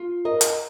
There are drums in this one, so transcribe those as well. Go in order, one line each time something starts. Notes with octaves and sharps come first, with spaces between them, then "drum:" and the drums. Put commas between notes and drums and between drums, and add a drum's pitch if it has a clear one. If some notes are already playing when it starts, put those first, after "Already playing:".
Already playing: F4
A#4 D#5
drum: hi-hat